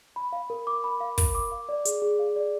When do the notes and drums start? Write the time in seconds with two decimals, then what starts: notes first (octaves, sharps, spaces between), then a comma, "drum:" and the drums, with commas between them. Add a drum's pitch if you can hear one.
0.16 B5
0.33 F5
0.50 A#4
0.67 D6
0.84 B5
1.00 F5
1.18 A#4, drum: kick, open hi-hat
1.35 D6
1.51 F5
1.69 D5
1.85 G#4, drum: hi-hat
2.02 G#4
2.19 F5
2.36 D5